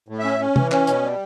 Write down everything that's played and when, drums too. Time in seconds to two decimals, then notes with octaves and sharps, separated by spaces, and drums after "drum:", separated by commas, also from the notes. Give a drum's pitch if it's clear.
0.08 A2
0.19 E5
0.24 C#4
0.40 C#4
0.56 E3, drum: tom
0.72 C#4, drum: clap
0.87 B2, drum: hi-hat
1.03 G3